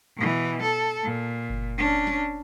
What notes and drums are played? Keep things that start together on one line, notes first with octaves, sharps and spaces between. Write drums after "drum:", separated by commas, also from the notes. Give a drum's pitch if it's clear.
B2 E3
A4
A#2
drum: kick F#1
C#4 D4
drum: snare